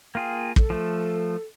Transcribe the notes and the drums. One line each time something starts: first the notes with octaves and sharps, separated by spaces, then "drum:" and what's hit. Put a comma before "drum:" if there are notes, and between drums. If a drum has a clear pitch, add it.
A#3 F4 G#4 G5
A4, drum: kick
F3 A3